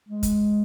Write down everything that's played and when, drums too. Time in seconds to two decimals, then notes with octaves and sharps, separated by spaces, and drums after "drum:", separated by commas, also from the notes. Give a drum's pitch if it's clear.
0.08 G#3
0.23 drum: kick, hi-hat